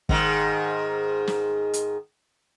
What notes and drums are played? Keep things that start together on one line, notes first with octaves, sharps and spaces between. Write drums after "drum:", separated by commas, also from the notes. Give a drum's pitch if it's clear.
G#2 D#3, drum: kick G1
drum: snare
drum: hi-hat